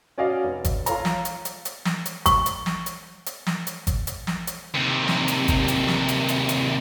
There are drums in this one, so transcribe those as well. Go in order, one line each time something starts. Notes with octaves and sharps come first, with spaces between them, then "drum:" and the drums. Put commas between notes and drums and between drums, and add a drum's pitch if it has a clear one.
C#4 F#4 D5 D#5 F5
F1
drum: kick G#1, hi-hat
F4 A4 C#5 A#5, drum: hi-hat
drum: snare
drum: hi-hat
drum: hi-hat
drum: hi-hat
drum: snare
drum: hi-hat
C#6, drum: kick G#1, hi-hat
drum: hi-hat
drum: snare
drum: hi-hat
drum: hi-hat
drum: snare
drum: hi-hat
drum: kick G#1, hi-hat
drum: hi-hat
drum: snare
drum: hi-hat
D#2 C3
drum: snare
drum: hi-hat
drum: kick G#1, hi-hat
drum: hi-hat
drum: snare
drum: hi-hat
drum: hi-hat
drum: hi-hat